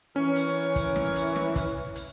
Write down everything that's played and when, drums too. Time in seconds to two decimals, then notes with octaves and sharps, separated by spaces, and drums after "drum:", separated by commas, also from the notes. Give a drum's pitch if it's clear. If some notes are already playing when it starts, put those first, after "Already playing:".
0.16 E3 C#4 A#4 C#5
0.36 drum: hi-hat
0.76 drum: kick, hi-hat
0.96 drum: snare
1.16 drum: hi-hat
1.36 drum: snare
1.56 drum: kick, hi-hat
1.96 drum: hi-hat